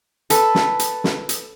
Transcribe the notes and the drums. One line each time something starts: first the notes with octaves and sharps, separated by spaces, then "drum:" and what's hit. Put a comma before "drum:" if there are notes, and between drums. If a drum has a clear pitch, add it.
A4 B4, drum: hi-hat
drum: snare
drum: hi-hat
drum: snare
drum: hi-hat